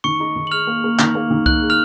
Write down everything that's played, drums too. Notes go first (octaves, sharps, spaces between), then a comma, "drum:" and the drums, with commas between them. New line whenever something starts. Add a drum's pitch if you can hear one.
D#3 C#6 C#7
D#4
D#3
F#7
G#4 F6 F7
A#3
A#3
D#3, drum: clap
A#3
D#3
D#4 F#6 F#7, drum: kick C2
G#4
F6 F7